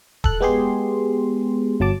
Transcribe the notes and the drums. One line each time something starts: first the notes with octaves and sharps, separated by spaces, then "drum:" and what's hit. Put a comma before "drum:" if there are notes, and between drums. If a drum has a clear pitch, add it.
A4 F#6, drum: kick D#1
G#3 B3 G4 G#4 C6
G1 F#3 A5 D6